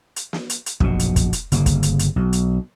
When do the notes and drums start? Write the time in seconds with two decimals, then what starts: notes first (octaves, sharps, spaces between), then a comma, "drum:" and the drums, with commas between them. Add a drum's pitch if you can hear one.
0.16 drum: hi-hat
0.33 drum: snare
0.50 drum: hi-hat
0.66 drum: hi-hat
0.80 A#1 F#2 B2, drum: kick
0.99 drum: hi-hat
1.16 drum: kick, hi-hat
1.33 drum: hi-hat
1.52 G1 C#3 A#3, drum: hi-hat
1.66 drum: kick, hi-hat
1.83 drum: hi-hat
1.99 drum: hi-hat
2.16 B1
2.33 drum: hi-hat